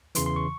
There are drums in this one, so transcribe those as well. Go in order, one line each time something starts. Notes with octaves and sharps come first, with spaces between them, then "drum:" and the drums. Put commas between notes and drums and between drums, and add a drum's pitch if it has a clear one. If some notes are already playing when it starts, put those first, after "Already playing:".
E2 C#3 E3 C6, drum: hi-hat
C6
C#6